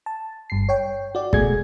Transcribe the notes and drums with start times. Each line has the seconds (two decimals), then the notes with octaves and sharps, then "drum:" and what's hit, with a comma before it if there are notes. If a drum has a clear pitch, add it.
0.06 A5
0.50 G1 G2 C7
0.69 C#5 G5
1.15 F#4 D5
1.33 B2 G#3 A3 G#4 G#6, drum: kick